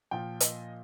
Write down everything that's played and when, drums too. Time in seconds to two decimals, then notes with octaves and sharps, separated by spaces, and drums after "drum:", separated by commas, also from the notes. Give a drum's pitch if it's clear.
0.11 A#2 F3 G5
0.40 D#5, drum: hi-hat